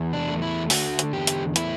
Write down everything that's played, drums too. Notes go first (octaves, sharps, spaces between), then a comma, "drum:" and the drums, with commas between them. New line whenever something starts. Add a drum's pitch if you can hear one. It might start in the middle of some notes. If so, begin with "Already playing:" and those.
Already playing: E2
D4
A3
E4
D3 F#4, drum: open hi-hat
drum: hi-hat
E2 G4
drum: hi-hat
A3 E4, drum: hi-hat